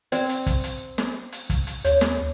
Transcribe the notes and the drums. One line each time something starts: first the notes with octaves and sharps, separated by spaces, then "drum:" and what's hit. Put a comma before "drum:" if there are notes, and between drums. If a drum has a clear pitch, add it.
C4 D5, drum: hi-hat
drum: hi-hat
drum: kick, hi-hat
drum: hi-hat
drum: snare
drum: hi-hat
drum: kick, hi-hat
drum: hi-hat
D#2 C#5, drum: hi-hat
drum: snare